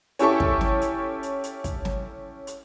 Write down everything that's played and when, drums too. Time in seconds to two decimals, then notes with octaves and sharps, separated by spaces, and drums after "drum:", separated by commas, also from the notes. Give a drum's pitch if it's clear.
0.19 C#4 E4 G4 A4 C#6, drum: hi-hat
0.40 drum: kick
0.61 drum: snare
0.81 drum: hi-hat
1.23 drum: hi-hat
1.44 drum: hi-hat
1.64 drum: kick, hi-hat
1.85 drum: snare
2.47 drum: hi-hat